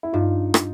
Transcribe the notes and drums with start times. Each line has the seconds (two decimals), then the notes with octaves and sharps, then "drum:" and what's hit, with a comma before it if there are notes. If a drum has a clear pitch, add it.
0.03 E4
0.13 G2 D#4 F4
0.54 drum: rim click